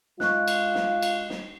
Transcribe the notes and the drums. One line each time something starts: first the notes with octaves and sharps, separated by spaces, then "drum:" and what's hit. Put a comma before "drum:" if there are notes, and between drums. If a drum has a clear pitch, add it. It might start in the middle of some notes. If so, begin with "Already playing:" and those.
G#3 F4 C#6 F#6, drum: snare
drum: cymbal
drum: snare
drum: cymbal
drum: snare